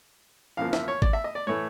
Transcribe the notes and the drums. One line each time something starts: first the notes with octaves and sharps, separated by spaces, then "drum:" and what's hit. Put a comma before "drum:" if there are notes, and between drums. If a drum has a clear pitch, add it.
E2 C#3 F3 A#3 F5
E5, drum: snare
C#5
D5, drum: kick G#1
E5
D#5
D5
A2 E3 A3 C#5